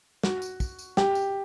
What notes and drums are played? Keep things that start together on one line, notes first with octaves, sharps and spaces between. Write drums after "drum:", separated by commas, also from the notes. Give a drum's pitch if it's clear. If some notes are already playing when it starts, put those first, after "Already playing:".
F#4, drum: snare
drum: tambourine
drum: kick, tambourine
drum: tambourine
G4, drum: snare
drum: tambourine